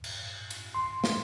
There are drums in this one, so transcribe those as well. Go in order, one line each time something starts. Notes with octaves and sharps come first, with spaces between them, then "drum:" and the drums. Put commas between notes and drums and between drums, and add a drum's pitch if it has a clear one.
drum: cymbal
drum: cymbal
C6
drum: snare